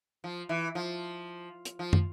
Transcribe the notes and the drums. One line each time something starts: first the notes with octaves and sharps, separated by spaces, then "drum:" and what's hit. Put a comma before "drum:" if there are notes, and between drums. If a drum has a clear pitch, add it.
F3
E3
F3
drum: hi-hat
F3
drum: tom